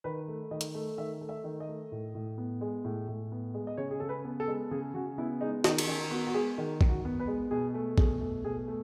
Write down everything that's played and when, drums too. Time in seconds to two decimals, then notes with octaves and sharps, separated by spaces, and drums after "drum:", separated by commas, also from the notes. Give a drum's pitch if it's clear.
0.04 D#3 B4
0.28 A3
0.51 D#3 D#5
0.61 drum: hi-hat
0.75 A3
0.98 D#3 E5
1.21 A3
1.29 E5
1.44 D#3
1.60 D#5
1.68 A3
1.92 A2
2.15 A2
2.38 B3
2.61 G#3
2.85 A2
3.08 A2
3.32 B3
3.54 G#3
3.67 D#5
3.77 C#3 C#5
3.91 G#4
4.00 C#3 A4
4.09 B4
4.24 B3
4.40 A4
4.48 G#3
4.71 C#3 G#4
4.94 C#3 F#4
5.18 B3 E4
5.41 G#3 D#4
5.64 D#3 D#4, drum: snare
5.78 drum: cymbal
5.88 D#3 C#4
6.11 B3 F#4
6.27 F#4
6.34 G#3 G#4
6.58 D#3
6.81 D#3, drum: kick A#1
6.89 F#4
7.05 B3
7.20 B4
7.27 G#3
7.51 B2 G#4
7.74 A3
7.98 B2 G#4, drum: kick A#1
8.21 A3
8.44 B2 G#4
8.68 A3